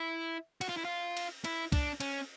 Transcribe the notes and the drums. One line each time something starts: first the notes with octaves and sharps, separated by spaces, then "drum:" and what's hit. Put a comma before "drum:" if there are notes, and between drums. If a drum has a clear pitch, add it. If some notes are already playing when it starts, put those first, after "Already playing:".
Already playing: E4
F#4, drum: cymbal
F4
E4
F4
drum: cymbal
E4, drum: cymbal
D4, drum: kick, cymbal
C#4, drum: cymbal